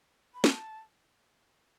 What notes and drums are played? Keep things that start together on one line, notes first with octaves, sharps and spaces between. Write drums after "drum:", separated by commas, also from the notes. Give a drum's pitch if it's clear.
B5
A5, drum: snare